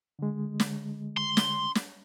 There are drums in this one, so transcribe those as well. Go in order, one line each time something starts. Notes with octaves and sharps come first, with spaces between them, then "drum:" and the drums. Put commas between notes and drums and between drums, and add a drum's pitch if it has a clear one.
D3 G#3
drum: snare
C6
drum: snare
drum: snare